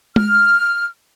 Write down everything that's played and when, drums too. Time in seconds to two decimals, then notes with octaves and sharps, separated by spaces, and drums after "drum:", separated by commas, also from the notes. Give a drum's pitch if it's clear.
0.16 F6, drum: tom G#3